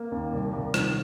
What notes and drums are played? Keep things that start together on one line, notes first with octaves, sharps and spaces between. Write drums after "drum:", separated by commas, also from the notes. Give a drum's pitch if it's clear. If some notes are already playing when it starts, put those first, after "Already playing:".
Already playing: A#3
D#2
C2
C2
D#3, drum: rim click